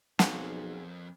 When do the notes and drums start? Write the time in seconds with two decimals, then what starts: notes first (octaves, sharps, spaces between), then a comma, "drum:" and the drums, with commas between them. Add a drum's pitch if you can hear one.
0.19 B1 F2 A#3 C4 C#4 F4 G#4 F#5, drum: snare